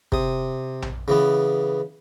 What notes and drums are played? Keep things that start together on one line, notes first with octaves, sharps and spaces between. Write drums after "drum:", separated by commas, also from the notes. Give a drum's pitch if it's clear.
C3 D#6, drum: kick
drum: tom A#1
C#3 E3 B3